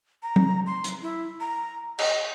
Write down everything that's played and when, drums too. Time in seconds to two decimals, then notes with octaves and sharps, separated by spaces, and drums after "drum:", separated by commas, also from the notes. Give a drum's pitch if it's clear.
0.23 A#5
0.36 drum: tom F#3
0.67 C6
0.84 drum: hi-hat
1.02 E4
1.40 A#5
1.99 D#5, drum: cymbal